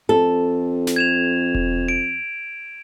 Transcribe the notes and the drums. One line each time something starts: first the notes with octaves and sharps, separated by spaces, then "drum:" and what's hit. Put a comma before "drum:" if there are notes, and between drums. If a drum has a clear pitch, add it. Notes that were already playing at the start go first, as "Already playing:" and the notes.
F2 A4
drum: snare
G#6 E7 F7
drum: kick E1
D7